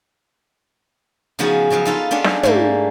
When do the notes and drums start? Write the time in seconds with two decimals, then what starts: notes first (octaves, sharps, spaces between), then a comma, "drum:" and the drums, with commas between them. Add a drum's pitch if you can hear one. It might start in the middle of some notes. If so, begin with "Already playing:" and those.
1.39 C#3 F3 B3 D#4 F#4 G#4
1.70 C#3 F3 F#3 F5
1.85 D#4 F4 A4 B4
2.11 B3 C#4 D4 F4
2.24 drum: snare
2.43 G#2 G3 A3 A#3, drum: tom